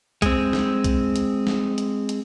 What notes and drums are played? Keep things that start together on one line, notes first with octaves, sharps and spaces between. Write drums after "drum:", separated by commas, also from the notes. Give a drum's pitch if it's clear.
G#3 C4, drum: kick B1, hi-hat
drum: snare
drum: kick B1, hi-hat
drum: hi-hat
drum: snare
drum: hi-hat
drum: hi-hat